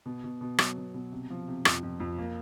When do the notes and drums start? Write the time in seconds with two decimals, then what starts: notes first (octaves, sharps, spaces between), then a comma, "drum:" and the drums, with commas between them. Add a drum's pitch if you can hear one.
0.06 B2
0.24 B2
0.41 B2
0.58 F#3, drum: rim click
0.77 B2
0.94 B2
1.12 C3
1.30 F3
1.48 C3
1.65 F2, drum: rim click
1.83 F2
2.00 F2
2.18 A#3